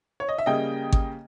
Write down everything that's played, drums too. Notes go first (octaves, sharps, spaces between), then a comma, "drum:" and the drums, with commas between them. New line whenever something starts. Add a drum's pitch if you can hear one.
C#5
D#5
E5
C#3 G3 A#3 D#5 G5
drum: kick G#1